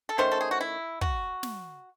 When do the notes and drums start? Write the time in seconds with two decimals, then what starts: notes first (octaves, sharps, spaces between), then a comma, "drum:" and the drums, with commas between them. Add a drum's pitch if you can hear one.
0.09 A4
0.18 D#3 A3 C#4 C5
0.31 A4
0.41 G#4
0.51 F#4
0.61 E4
1.01 F#4, drum: kick
1.43 drum: snare